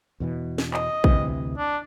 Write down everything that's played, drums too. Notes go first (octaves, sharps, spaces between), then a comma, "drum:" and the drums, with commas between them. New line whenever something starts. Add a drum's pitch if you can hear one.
E2 B2 E3
drum: snare
D#5, drum: clap
D2 C3 E3, drum: kick
D4